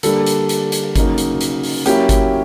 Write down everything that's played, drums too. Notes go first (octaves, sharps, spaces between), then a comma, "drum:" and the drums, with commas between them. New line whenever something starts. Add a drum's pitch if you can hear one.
D3 G3 A#3 D4 A4, drum: hi-hat
drum: hi-hat
drum: hi-hat
drum: hi-hat
C#3 F#3 A#3 D#4, drum: kick G1, hi-hat
drum: hi-hat
drum: hi-hat
drum: open hi-hat
F#3 A#3 C#4 E4 G4, drum: hi-hat
drum: kick G1, hi-hat